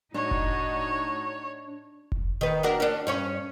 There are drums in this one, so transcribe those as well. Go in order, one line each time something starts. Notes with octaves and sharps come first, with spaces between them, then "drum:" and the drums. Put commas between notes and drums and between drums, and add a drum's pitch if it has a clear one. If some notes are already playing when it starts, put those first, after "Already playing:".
A2 D4 D#4 F#4 C#5
drum: kick F1
drum: kick F1
D#3 B4
D4 F#4 A#4
C#4 D4
G2 C#4 C#5